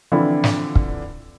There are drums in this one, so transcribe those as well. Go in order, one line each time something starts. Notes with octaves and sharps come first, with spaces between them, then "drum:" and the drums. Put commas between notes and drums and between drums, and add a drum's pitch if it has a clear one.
D3 E3 F3 C4 E4 F4
drum: snare
drum: kick